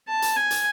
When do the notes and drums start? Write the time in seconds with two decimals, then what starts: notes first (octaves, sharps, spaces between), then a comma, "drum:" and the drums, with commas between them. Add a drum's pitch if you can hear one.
0.08 A5
0.22 drum: hi-hat
0.36 G#5
0.51 drum: hi-hat